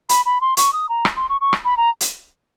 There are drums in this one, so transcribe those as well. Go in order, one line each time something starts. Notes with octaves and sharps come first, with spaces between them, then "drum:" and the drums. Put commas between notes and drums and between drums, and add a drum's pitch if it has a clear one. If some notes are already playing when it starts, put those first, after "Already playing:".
B5, drum: hi-hat
B5
C6
C#6, drum: hi-hat
D#6
A#5
drum: rim click
C6
C#6
C#6
drum: rim click
B5
A#5
drum: hi-hat